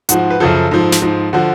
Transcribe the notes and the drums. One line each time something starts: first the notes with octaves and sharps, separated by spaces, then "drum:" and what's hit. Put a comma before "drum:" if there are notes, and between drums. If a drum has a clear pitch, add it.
G#2 F3 F#4, drum: hi-hat
B4
F#2 C#3 F3 A4
A4
G#2 F3
drum: snare
G#2 F3
D3 F3 F#4